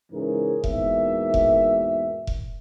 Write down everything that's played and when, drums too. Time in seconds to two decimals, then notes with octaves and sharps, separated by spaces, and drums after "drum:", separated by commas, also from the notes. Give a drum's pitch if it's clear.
0.12 C#2 G#2 E3 C#4 G#4 A#4
0.64 E2 G#2 B2 A#3 A#4 E5, drum: kick F1
1.34 drum: kick F1
2.27 drum: kick F1